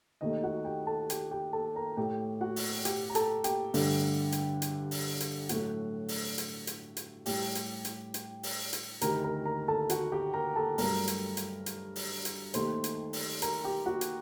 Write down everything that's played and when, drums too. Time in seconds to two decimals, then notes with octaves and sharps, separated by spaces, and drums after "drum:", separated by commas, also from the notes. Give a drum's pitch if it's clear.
0.21 D#2 D#3 A3 D#5
0.43 F#4 F#5
0.65 G4 G5
0.87 A4 A5
1.10 G4 G5, drum: hi-hat
1.31 G4 G5
1.53 A4 A5
1.75 A#4 A#5
1.97 A2 A3 G4 G5
2.41 F#4 F#5
2.56 drum: open hi-hat
2.85 G4 G5, drum: hi-hat
3.10 A#5
3.15 A4 A5, drum: hi-hat
3.44 G4 G5, drum: hi-hat
3.74 G2 D3 A3, drum: open hi-hat
4.32 drum: hi-hat
4.62 drum: hi-hat
4.91 drum: open hi-hat
5.20 drum: hi-hat
5.49 A2 F#3 A3 F#4 F#5, drum: hi-hat
6.08 drum: open hi-hat
6.38 drum: hi-hat
6.67 drum: hi-hat
6.97 drum: hi-hat
7.26 A2 G3 G4 G5, drum: open hi-hat
7.55 drum: hi-hat
7.85 drum: hi-hat
8.14 drum: hi-hat
8.43 drum: open hi-hat
8.73 drum: hi-hat
9.01 D2 C3 D#3 A#4 A#5, drum: hi-hat
9.24 A#4 A#5
9.45 A#4 A#5
9.68 A4 A5
9.90 F#4 F#5, drum: hi-hat
10.12 G4 G5
10.34 A#4 A#5
10.56 A4 A5
10.78 G2 F#3 A3 A#4 A#5, drum: open hi-hat
11.08 drum: hi-hat
11.37 drum: hi-hat
11.66 drum: hi-hat
11.96 drum: open hi-hat
12.25 drum: hi-hat
12.54 D#2 D#3 A3 C5 C6, drum: hi-hat
12.84 drum: hi-hat
13.13 drum: open hi-hat
13.42 A#4 A#5, drum: hi-hat
13.64 G4 G5
13.86 F#4 F#5
14.01 drum: hi-hat